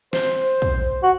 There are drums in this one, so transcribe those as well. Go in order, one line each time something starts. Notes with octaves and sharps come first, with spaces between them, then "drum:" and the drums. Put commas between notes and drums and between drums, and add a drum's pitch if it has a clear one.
C5, drum: snare
drum: kick
F#4